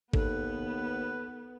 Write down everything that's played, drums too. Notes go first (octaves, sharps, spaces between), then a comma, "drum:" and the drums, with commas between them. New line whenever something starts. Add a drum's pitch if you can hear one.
D#2 B3 A4 B4, drum: kick G#1